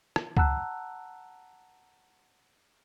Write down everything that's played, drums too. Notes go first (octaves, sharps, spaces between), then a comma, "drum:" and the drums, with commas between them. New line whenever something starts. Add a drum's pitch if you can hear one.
drum: rim click
F#5 A5 A#5 E6 F#6, drum: kick C#2